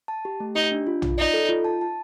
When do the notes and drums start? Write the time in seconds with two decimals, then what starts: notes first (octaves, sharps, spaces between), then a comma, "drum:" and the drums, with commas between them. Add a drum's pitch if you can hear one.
0.08 A5
0.25 G4
0.40 A3
0.55 D#4 G4
0.72 D4
0.87 F4
1.02 F4, drum: tom
1.18 D#4 D5
1.34 A4
1.49 F4
1.65 A5
1.81 A5